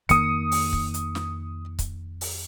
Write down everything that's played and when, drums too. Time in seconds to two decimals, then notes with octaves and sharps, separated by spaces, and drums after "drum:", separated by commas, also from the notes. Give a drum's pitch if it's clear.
0.09 F2 D#3 A#3 D#6 C#7, drum: kick C#1, hi-hat
0.52 drum: open hi-hat
0.73 drum: kick C#1
0.94 drum: hi-hat
1.15 drum: snare
1.79 drum: kick C#1, hi-hat
2.21 drum: open hi-hat